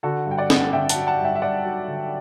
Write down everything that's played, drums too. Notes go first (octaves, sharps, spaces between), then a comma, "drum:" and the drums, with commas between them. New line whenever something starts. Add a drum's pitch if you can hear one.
D3 F#4 A4
G2 G5
D5 F#5
D3, drum: snare
D3 E5 G5
F#5 A5, drum: hi-hat
F#3
F#5 A5
G2
E5 G5
E5
G2 D5 F#5
F#3
D3